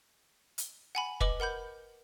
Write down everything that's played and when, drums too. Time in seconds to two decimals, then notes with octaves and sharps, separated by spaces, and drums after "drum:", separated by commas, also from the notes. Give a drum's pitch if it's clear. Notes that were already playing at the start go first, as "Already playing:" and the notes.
0.58 drum: hi-hat
0.95 F#5 G#5 B5
1.20 B4 D#5 D6 F#7, drum: kick
1.40 A#4 F#5 B5 G6